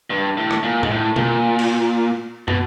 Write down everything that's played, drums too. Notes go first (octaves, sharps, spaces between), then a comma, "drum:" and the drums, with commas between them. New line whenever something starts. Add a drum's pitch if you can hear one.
G2
A2
drum: rim click
A#2
G#2, drum: tom A2
A2
A#2, drum: tom B2
drum: cymbal
B2, drum: tom